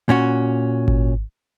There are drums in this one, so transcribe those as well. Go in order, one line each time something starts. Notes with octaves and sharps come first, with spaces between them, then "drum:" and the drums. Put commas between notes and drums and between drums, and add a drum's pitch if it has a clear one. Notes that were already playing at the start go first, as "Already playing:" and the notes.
A#2 C#4 F#4
drum: kick G#1